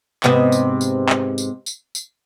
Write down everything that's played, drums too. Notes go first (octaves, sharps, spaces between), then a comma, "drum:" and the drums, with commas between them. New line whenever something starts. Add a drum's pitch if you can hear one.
G#2 C3 B3, drum: clap
drum: tambourine
drum: tambourine
drum: clap
drum: tambourine
drum: tambourine
drum: tambourine